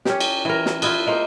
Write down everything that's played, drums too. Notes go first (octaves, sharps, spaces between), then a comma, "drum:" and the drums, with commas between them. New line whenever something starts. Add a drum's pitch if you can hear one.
C#4 G4, drum: snare
drum: cymbal
E3 A#4
drum: snare
B3 E4 F4, drum: cymbal
G#3 A#3 C5